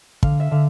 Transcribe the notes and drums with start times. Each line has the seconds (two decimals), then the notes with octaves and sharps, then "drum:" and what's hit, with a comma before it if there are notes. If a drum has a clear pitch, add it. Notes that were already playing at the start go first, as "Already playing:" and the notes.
0.23 D3 F5, drum: kick
0.40 E5
0.51 D3 F5